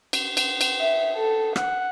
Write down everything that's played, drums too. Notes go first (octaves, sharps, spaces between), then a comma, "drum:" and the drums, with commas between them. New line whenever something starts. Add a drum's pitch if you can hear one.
drum: cymbal
drum: cymbal
drum: cymbal
E5
A4
F#5, drum: rim click